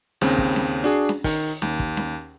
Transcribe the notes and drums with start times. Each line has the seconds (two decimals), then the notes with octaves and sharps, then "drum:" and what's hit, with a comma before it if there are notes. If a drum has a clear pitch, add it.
0.21 D#2 C#3 C4, drum: snare C#4
0.38 drum: kick
0.56 drum: snare C#4
0.84 D4 F#4 G#4
1.09 drum: snare C#4
1.24 D#3, drum: kick, open hi-hat
1.62 D#2, drum: snare C#4
1.80 drum: kick
1.97 drum: snare C#4